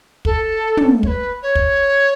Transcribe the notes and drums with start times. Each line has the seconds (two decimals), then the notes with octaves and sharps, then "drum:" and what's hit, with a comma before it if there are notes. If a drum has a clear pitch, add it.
0.25 A4, drum: kick
0.77 drum: tom
1.03 C#5, drum: kick
1.07 B4
1.42 C#5
1.55 drum: kick